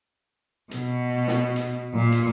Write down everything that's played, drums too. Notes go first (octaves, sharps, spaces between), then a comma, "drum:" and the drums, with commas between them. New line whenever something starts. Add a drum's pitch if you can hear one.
B2, drum: hi-hat
drum: snare
drum: hi-hat
A#2
drum: hi-hat